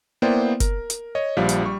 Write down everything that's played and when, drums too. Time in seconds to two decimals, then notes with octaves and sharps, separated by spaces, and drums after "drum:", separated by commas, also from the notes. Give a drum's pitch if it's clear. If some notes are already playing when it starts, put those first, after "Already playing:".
0.22 A#3 B3 E4 C5 D5 G5
0.60 A#4, drum: kick F#1, hi-hat
0.90 drum: hi-hat
1.15 C#5 D#5
1.37 A#1 F3 G3 F5
1.49 drum: hi-hat
1.64 G3 C#6